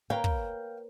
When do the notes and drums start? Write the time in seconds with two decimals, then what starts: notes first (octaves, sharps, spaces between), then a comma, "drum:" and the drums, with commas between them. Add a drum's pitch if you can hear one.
0.10 A#3 B4 C#5 F5 G5
0.24 drum: kick